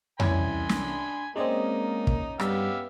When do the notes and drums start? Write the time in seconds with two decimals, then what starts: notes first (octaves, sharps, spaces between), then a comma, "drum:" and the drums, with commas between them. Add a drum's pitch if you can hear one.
0.20 C2 E3 C#4 G#5 B5 C6 G#6, drum: tom F2
0.69 D4, drum: snare
1.36 G#3 A#3 C4 C#4 D#4 D5 D#5
2.07 drum: kick
2.39 G2 G3 B3 G4 E5 F5, drum: rim click